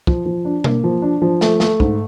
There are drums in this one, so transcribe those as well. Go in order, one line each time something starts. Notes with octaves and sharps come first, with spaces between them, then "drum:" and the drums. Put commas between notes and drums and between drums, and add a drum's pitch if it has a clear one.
F3, drum: kick
F3
D4
A#3, drum: tom B2
F3
D4
F3
A3, drum: snare
A3, drum: snare
G#2, drum: kick